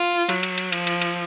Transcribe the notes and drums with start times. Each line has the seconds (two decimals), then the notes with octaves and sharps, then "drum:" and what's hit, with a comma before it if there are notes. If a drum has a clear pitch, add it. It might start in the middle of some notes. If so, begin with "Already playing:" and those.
Already playing: F4
0.29 F#3, drum: cymbal
0.43 drum: cymbal
0.58 drum: cymbal
0.72 F3, drum: cymbal
0.87 drum: cymbal
1.02 drum: cymbal